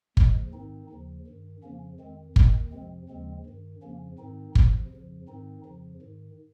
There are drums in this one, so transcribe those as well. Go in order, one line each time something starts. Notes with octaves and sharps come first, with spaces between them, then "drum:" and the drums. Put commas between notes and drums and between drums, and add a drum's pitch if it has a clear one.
D#2 C#3 F3 G#3, drum: kick
G#2 D#3 C4 D#4
D#2 C#3 F3
G2 D#3
F2 C#3 F3 A#3 C#4
F2 D#3 G#3 C4
D#2 D#3 G#3 C4, drum: kick
F2 C3 F3 G#3 C4
D#2 C#3 F3 G#3 C4
G2 D#3
F2 C#3 F3 A#3 C#4
G#2 D#3 C4 D#4
F2 C3 F3, drum: kick
F2 C#3 F3
G#2 D#3 C4 D#4
F2 C#3 F3
G#2 D#3